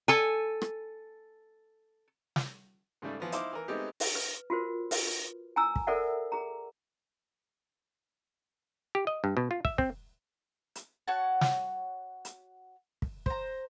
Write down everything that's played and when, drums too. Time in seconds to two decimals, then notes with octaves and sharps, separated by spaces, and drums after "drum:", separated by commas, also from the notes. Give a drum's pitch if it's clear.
0.08 A4 G#5
0.62 drum: rim click
2.36 drum: snare
3.02 G#2 C#3 G3 A3
3.20 E3 F3 B3
3.32 D#4 E4 C5 F5 D6, drum: hi-hat
3.53 E3 A#4
3.68 G#3 A3 B3 C4 D#4 G4
4.00 drum: open hi-hat
4.15 B4
4.50 F4 F#4 A#4 C5
4.91 B4, drum: open hi-hat
5.56 G#5 A#5 E6
5.76 drum: kick
5.87 A4 A#4 C5 D5 E5 F#5
6.32 G#4 A#5
8.95 G4
9.07 D#5
9.24 G2
9.37 B2
9.51 F4
9.65 E5, drum: kick
9.78 C4, drum: kick
10.75 drum: hi-hat
11.07 F#4 C#5 F#5 A5
11.41 drum: snare
12.25 drum: hi-hat
13.02 drum: kick
13.26 C5 A#5, drum: kick